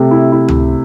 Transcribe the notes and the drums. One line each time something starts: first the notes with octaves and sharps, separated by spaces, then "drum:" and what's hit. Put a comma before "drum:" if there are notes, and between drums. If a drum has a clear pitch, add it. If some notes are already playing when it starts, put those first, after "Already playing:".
Already playing: C3 A3
E4
E4
drum: tom C#2